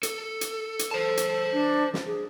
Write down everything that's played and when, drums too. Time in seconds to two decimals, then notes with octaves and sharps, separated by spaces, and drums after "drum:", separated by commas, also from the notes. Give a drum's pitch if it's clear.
0.03 A4, drum: hi-hat
0.41 drum: hi-hat
0.79 drum: hi-hat
0.91 A4 C5 A5
1.17 drum: hi-hat
1.52 D4
1.94 drum: snare
2.06 G#4